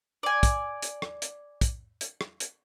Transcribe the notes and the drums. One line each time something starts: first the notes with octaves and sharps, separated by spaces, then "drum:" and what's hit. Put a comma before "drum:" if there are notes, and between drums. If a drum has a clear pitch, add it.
D5 G#5
drum: kick, hi-hat
drum: hi-hat
drum: rim click
drum: hi-hat
drum: kick, hi-hat
drum: hi-hat
drum: rim click
drum: hi-hat